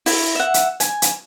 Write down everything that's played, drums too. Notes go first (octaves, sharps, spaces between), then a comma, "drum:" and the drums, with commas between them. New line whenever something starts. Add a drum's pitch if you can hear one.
E4, drum: open hi-hat
E5 F#5
drum: hi-hat
G#5, drum: hi-hat
drum: hi-hat